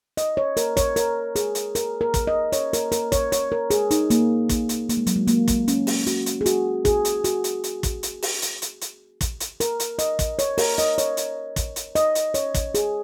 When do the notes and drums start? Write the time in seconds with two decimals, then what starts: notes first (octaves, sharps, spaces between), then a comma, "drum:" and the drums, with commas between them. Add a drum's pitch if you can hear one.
0.17 D#5, drum: hi-hat
0.37 C#5
0.57 A#4, drum: hi-hat
0.77 C#5, drum: kick, hi-hat
0.96 A#4, drum: hi-hat
1.36 G#4, drum: hi-hat
1.55 drum: hi-hat
1.75 A#4, drum: hi-hat
2.01 A#4
2.14 drum: kick, hi-hat
2.27 D#5
2.52 C#5, drum: hi-hat
2.73 A#4, drum: hi-hat
2.92 A#4, drum: hi-hat
3.12 C#5, drum: kick, hi-hat
3.32 C#5, drum: hi-hat
3.52 A#4
3.70 G#4, drum: hi-hat
3.91 D#4, drum: hi-hat
4.10 A#3, drum: hi-hat
4.49 drum: kick, hi-hat
4.69 drum: hi-hat
4.89 A#3, drum: hi-hat
4.97 G#3
5.07 F#3, drum: hi-hat
5.16 G#3
5.27 A#3, drum: hi-hat
5.48 drum: kick, hi-hat
5.68 C#4, drum: hi-hat
5.87 drum: open hi-hat
6.07 F#4, drum: hi-hat
6.26 drum: hi-hat
6.41 G#4
6.46 F#4, drum: hi-hat
6.85 G#4, drum: kick, hi-hat
7.05 drum: hi-hat
7.24 F#4, drum: hi-hat
7.44 drum: hi-hat
7.64 drum: hi-hat
7.83 drum: kick, hi-hat
8.03 drum: hi-hat
8.22 drum: open hi-hat
8.42 drum: hi-hat
8.62 drum: hi-hat
8.81 drum: hi-hat
9.21 drum: kick, hi-hat
9.40 drum: hi-hat
9.60 A#4, drum: hi-hat
9.80 drum: hi-hat
9.99 D#5, drum: hi-hat
10.19 drum: kick, hi-hat
10.39 C#5, drum: hi-hat
10.58 A#4, drum: open hi-hat
10.78 D#5, drum: hi-hat
10.98 C#5, drum: hi-hat
11.17 drum: hi-hat
11.56 drum: kick, hi-hat
11.76 drum: hi-hat
11.95 D#5, drum: hi-hat
12.15 drum: hi-hat
12.34 C#5, drum: hi-hat
12.54 drum: kick, hi-hat
12.74 G#4, drum: hi-hat